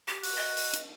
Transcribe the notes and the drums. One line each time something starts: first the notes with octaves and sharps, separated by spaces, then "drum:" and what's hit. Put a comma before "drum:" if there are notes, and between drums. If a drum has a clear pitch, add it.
G4
F#4, drum: open hi-hat
D#5
drum: open hi-hat
drum: hi-hat